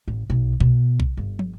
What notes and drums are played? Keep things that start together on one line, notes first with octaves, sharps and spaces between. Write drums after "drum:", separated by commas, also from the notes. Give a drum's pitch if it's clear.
A1
B1
B2, drum: kick B1
drum: kick B1
G1
drum: tom